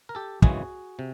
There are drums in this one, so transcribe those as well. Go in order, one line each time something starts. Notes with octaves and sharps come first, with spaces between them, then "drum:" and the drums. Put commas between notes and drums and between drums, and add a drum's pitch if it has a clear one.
A#4
G4 A4
G#1 F#2 C#3 E3 G#3 F#4 G#4, drum: kick
C3